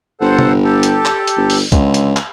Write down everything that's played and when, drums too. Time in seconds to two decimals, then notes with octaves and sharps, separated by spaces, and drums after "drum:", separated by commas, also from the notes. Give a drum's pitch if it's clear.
0.21 G1 A4 C5 F#5
0.39 drum: tom
0.64 G4 A4
0.83 drum: hi-hat
1.05 drum: clap
1.28 drum: hi-hat
1.37 G1
1.50 drum: open hi-hat
1.72 C#2 D3, drum: kick B1, hi-hat
1.94 drum: hi-hat
2.16 drum: clap